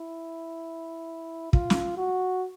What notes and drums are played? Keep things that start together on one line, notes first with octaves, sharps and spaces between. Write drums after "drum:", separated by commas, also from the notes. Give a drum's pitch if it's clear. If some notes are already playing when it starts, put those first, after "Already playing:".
Already playing: E4
F4, drum: kick
drum: snare
F#4